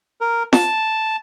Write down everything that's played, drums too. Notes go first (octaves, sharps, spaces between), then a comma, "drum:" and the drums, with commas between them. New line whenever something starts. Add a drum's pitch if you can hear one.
A#4
A5, drum: snare